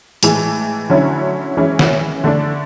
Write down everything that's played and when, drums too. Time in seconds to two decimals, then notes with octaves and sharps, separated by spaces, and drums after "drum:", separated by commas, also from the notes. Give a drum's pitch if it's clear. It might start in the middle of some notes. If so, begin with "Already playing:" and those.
0.23 A2 E3 G#3, drum: hi-hat
0.90 D3 F#3 C#4 E4
1.57 E3 G#3 C#4 E4
1.79 drum: snare
2.24 D3 A3 D4